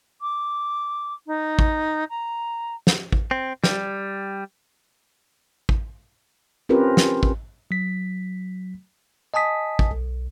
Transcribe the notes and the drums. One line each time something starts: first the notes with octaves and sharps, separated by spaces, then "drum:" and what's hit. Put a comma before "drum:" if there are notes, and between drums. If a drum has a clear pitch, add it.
D6
D#4
drum: kick
A#5
drum: snare
drum: kick
C4
G3, drum: snare
drum: kick
C4 C#4 F4 G4 A#4 B4
drum: snare
drum: kick
F#3 B6
D#5 G#5 A5 D#6 B6
drum: kick
B1